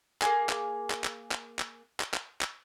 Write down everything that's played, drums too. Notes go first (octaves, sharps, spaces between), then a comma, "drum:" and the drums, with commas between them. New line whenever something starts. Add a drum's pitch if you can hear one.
A#3 G#4, drum: clap
drum: clap
drum: clap
drum: clap
drum: clap
drum: clap
drum: clap
drum: clap
drum: clap